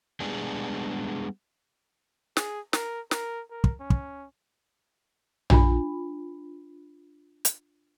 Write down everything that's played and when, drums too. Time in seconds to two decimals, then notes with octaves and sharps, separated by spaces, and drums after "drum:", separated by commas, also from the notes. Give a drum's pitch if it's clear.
0.20 G3 G#3 B3 D4 G#4
2.37 G#4, drum: snare
2.73 A#4, drum: snare
3.11 A#4, drum: snare
3.51 A#4
3.64 drum: kick
3.80 C#4
3.90 drum: kick
5.50 D4 F4 B5, drum: tom A#1
7.45 drum: hi-hat